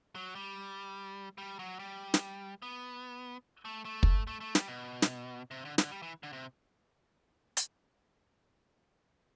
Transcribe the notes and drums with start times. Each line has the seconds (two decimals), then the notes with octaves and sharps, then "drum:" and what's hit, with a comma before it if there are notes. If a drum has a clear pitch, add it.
0.15 F#3
0.35 G3
1.38 G3
1.59 F#3
1.79 G3
2.14 drum: snare
2.62 B3
3.65 A3
3.85 A3
4.03 drum: kick
4.27 A3
4.41 A3
4.55 G3, drum: snare
4.68 B2
5.02 drum: snare
5.51 C3
5.65 D3
5.78 D3, drum: snare
5.92 G3
6.02 E3
6.23 D3
6.33 C3
7.57 drum: hi-hat